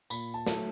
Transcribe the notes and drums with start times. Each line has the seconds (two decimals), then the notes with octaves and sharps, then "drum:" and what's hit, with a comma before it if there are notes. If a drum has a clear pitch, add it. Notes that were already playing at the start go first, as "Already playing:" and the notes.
0.10 A#2 B5, drum: tambourine
0.34 A5
0.47 F#3 A3, drum: snare